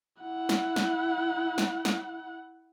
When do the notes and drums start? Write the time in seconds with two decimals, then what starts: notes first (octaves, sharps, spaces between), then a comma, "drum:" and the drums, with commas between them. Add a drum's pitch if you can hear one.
0.22 E4 F#5
0.49 drum: snare
0.76 drum: snare
1.58 drum: snare
1.85 drum: snare